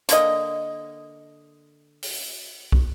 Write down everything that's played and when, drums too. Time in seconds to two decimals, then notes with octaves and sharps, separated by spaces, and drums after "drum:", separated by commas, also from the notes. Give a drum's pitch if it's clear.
0.09 D3 A#3 D#5, drum: hi-hat
2.03 drum: open hi-hat
2.72 drum: kick